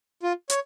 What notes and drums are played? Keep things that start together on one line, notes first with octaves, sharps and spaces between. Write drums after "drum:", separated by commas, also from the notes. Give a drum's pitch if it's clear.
F4
C#5, drum: hi-hat